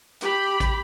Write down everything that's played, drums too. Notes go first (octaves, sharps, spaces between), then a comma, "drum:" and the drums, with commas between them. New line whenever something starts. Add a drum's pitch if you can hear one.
G4 B5, drum: hi-hat
drum: kick A1, hi-hat